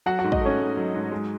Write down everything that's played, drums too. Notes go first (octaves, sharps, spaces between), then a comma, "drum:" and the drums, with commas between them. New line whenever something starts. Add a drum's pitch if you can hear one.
F#3 F#4 F#5
F#4 F#5
G#2
D#4 D#5, drum: kick
A3 C#4 C#5
G#2
F#3
G#2
G#3